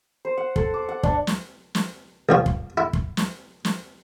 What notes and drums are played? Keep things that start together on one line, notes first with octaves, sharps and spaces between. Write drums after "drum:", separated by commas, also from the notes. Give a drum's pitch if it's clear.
C5
F#5
A4, drum: kick
D6
F#5
D4, drum: kick
drum: snare
drum: snare
C2 F3 C#5
drum: kick
E4
drum: kick
drum: snare
drum: snare